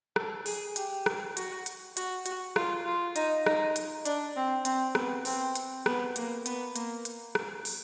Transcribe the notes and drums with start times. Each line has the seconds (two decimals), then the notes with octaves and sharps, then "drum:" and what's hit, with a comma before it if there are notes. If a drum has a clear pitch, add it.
0.16 A4, drum: rim click
0.46 G#4, drum: open hi-hat
0.76 G4, drum: hi-hat
1.06 drum: rim click
1.37 F#4, drum: hi-hat
1.66 drum: hi-hat
1.97 F#4, drum: hi-hat
2.26 F#4, drum: hi-hat
2.56 F4, drum: rim click
2.85 F4
3.16 D#4, drum: hi-hat
3.46 D#4, drum: rim click
3.76 drum: hi-hat
4.06 D4, drum: hi-hat
4.36 C4
4.65 C4, drum: hi-hat
4.95 B3, drum: rim click
5.25 C4, drum: open hi-hat
5.55 drum: hi-hat
5.86 B3, drum: rim click
6.16 A#3, drum: hi-hat
6.46 B3, drum: hi-hat
6.76 A#3, drum: hi-hat
7.05 drum: hi-hat
7.35 drum: rim click
7.65 drum: open hi-hat